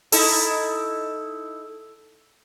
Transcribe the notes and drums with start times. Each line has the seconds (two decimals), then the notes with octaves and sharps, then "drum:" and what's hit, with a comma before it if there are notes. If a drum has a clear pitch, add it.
0.12 D#4 E4 A4, drum: open hi-hat